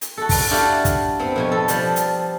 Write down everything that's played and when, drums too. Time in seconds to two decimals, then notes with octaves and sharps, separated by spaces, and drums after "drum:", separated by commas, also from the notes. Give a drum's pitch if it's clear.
0.01 drum: hi-hat
0.18 F#4 A4
0.29 drum: kick, open hi-hat
0.50 D4 E4 F#4 G4 A4 F5
0.85 drum: kick, hi-hat
1.19 B3 C4
1.36 F2 B2 G#5
1.52 A4
1.68 F3 G3, drum: hi-hat
1.96 drum: hi-hat